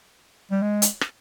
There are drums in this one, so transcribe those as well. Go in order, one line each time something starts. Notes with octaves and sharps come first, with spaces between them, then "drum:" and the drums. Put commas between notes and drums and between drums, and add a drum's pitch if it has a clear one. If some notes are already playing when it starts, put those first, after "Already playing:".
G3
G#3
drum: hi-hat
drum: rim click